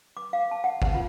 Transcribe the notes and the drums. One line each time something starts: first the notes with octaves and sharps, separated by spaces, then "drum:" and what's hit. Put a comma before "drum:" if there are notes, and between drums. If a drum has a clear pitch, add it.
D6
F5
A5
F#5
F#5, drum: kick
F4